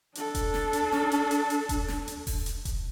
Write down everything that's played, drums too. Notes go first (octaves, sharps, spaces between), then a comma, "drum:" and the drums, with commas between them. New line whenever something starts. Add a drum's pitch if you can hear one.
D4 A4, drum: hi-hat
drum: kick E1, hi-hat
drum: snare
drum: hi-hat
drum: snare
drum: hi-hat
drum: hi-hat
drum: hi-hat
drum: kick E1, hi-hat
drum: snare
drum: hi-hat
drum: kick E1, open hi-hat
drum: hi-hat
drum: kick E1, hi-hat